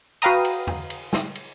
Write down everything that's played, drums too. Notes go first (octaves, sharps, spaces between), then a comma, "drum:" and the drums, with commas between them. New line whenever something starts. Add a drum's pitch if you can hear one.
F#4 B4 F5 G5 A#5 D#6, drum: cymbal
drum: cymbal
drum: tom
drum: cymbal
drum: snare
drum: cymbal